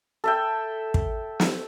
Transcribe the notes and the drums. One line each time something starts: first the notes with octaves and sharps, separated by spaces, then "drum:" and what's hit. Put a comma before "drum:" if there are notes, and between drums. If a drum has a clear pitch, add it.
A4 E5 G5
drum: kick
drum: snare